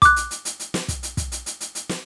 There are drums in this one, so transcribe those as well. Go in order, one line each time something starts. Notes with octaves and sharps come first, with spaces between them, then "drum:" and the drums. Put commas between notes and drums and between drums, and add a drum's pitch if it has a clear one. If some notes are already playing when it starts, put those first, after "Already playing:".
D6 F#6, drum: kick, hi-hat
drum: hi-hat
drum: hi-hat
drum: hi-hat
drum: hi-hat
drum: snare
drum: kick, hi-hat
drum: hi-hat
drum: kick, hi-hat
drum: hi-hat
drum: hi-hat
drum: hi-hat
drum: hi-hat
drum: snare